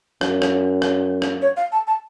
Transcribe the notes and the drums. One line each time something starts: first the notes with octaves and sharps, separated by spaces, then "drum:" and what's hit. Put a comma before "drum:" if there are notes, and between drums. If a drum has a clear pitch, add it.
F#2, drum: rim click
drum: rim click
drum: rim click
drum: rim click
C#5
F5
A5
A5